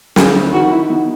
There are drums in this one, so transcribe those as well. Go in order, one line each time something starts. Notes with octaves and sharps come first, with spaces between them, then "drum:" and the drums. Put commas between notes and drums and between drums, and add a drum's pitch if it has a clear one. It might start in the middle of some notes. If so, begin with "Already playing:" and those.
D2 C#4, drum: snare
C#4
D#3 F#4
E4
D#3 B3